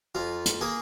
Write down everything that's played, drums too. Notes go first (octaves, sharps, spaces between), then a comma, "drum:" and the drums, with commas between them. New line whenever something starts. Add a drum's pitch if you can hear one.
F2 F4
drum: hi-hat
A#3 G#4